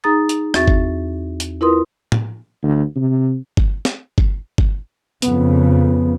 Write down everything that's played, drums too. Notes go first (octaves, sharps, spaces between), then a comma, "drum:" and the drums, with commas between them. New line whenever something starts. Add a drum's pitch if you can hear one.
D#4 G#4 A#5 D#6 A6
drum: hi-hat
E2 C4 F#4 E5 C#6 A6, drum: rim click
drum: kick G1
drum: hi-hat
E4 F4 A#4 B4 C6 D#6
drum: tom A2
D2
C3
drum: kick G1
drum: snare
drum: kick G1
drum: kick G1
F2 C#3 B3, drum: hi-hat